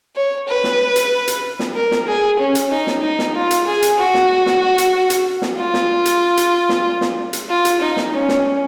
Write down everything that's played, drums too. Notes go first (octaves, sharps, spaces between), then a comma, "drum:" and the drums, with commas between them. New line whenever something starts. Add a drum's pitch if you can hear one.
C#5
B4
drum: snare
drum: hi-hat
drum: hi-hat
drum: snare
A#4
drum: snare
G#4
C#4
drum: hi-hat
D#4
drum: snare
D#4
drum: snare
F4
drum: hi-hat
G#4
drum: hi-hat
F#4
drum: snare
drum: snare
drum: hi-hat
drum: hi-hat
drum: snare
F4
drum: snare
drum: hi-hat
drum: hi-hat
drum: snare
drum: snare
drum: hi-hat
F4
drum: hi-hat
D#4
drum: snare
C#4
drum: snare